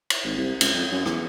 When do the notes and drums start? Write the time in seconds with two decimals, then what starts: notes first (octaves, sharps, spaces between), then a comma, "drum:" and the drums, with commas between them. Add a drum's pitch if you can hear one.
0.10 drum: cymbal
0.24 G#1
0.37 C2
0.61 C#2, drum: cymbal
0.74 F2
0.92 F#2
1.06 E2, drum: rim click